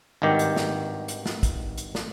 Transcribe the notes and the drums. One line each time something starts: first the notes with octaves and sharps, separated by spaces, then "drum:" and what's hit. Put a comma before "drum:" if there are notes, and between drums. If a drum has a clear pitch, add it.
G#1 G2 D#3 G4
drum: hi-hat
drum: snare
drum: hi-hat
drum: snare
drum: kick, hi-hat
drum: hi-hat
drum: snare